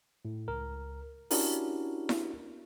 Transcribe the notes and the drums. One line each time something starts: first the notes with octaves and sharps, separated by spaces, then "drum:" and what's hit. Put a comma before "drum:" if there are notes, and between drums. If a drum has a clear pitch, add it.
A2
C#2 A#4
C#4 D4 E4 F#4 G4 A#4, drum: open hi-hat
drum: snare E4